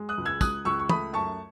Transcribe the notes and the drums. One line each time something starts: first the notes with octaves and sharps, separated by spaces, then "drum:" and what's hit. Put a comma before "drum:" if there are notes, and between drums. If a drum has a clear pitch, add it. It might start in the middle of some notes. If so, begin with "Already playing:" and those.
Already playing: G#3
D#6 F#6
C#2
E6 G#6
C#2 D#6 F#6, drum: kick, tambourine
C#2 C#6 E6
C#6
A3 B5 D#6, drum: tom
F#2 A5 C#6